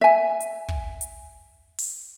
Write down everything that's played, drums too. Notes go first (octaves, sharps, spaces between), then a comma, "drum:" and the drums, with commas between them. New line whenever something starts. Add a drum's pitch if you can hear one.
E5 G#5
drum: hi-hat
drum: kick
drum: hi-hat
drum: open hi-hat